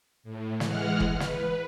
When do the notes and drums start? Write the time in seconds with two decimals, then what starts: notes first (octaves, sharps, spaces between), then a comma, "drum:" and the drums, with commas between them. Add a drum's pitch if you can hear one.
0.23 A2
0.60 E3 G#3 F#5 F6, drum: snare
1.00 drum: kick
1.20 B4, drum: snare